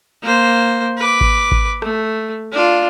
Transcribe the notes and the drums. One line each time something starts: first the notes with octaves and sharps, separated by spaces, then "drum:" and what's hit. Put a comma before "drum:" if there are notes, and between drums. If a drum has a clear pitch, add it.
A#3 C5
B4 D6
drum: kick G#1
drum: kick G#1
A3, drum: rim click
D4 F4